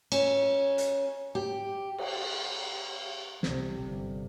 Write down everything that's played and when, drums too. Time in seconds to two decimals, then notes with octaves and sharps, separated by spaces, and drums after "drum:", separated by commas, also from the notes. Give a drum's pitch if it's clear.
0.12 C#4, drum: cymbal
0.78 drum: hi-hat
1.35 G4
1.98 drum: cymbal
3.43 C2 C3, drum: snare
3.84 G1